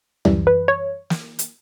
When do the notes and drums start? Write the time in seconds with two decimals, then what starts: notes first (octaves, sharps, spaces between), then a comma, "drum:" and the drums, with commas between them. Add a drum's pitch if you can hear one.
0.25 F#2 E3 G3, drum: tom C#2
0.47 B4
0.68 C#5
1.10 drum: snare
1.39 drum: hi-hat